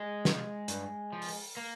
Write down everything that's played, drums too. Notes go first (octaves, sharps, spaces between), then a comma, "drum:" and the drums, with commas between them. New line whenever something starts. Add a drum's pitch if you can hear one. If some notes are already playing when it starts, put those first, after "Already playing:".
Already playing: G#3
C3 F3, drum: snare
G2, drum: hi-hat
F3
drum: open hi-hat
A#3